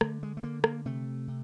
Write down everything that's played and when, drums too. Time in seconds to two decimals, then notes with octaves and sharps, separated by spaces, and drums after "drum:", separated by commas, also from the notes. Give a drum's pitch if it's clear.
0.01 D3 A3, drum: rim click
0.23 G#3
0.37 A3
0.43 D3 A#3
0.64 A#3, drum: rim click
0.85 C3 A3
1.28 C3